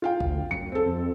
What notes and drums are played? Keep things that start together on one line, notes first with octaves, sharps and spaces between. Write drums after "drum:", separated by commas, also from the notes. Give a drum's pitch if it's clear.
F4 F5 G5
D2, drum: kick
F#2 C#7
C4 A4
F2